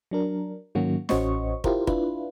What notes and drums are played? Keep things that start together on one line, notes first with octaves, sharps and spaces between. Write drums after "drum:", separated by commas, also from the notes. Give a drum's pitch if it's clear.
F#3 D4 A#4
G#2 D#3 F#3 A#3 C#4 F#4
A1 C#4 F#4 C5 D#5 C#6, drum: snare
E4 F4 G4 A#4 C5, drum: kick
D4 E4 F4 B4, drum: kick